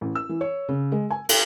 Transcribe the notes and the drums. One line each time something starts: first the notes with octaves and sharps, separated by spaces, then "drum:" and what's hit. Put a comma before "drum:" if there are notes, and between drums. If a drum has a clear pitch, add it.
A1
E6
E3
C#5
C#3
G#3
G#5
A4, drum: cymbal